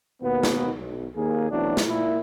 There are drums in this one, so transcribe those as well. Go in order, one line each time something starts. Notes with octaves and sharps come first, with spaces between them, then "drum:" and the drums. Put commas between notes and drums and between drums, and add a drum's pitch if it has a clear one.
D#2 B2 A#3 B3
drum: snare
B1
D#2 A#3 G#4
B1 E3 F#3 A3 C4 D4
drum: snare
A#2 E4